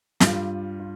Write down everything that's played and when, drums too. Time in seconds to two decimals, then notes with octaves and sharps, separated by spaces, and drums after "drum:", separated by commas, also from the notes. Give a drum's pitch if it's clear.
0.20 G2 G3 F4, drum: snare
0.79 F4